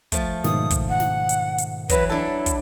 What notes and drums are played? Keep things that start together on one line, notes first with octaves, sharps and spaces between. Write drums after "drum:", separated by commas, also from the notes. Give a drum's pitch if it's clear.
F3 A3, drum: kick, hi-hat
G#2 B2 D#3 D#6, drum: snare
drum: kick, hi-hat
F#5
drum: snare
drum: hi-hat
drum: hi-hat
E3 F#3 B4, drum: kick, hi-hat
D4 E4 A4 A5
drum: kick, hi-hat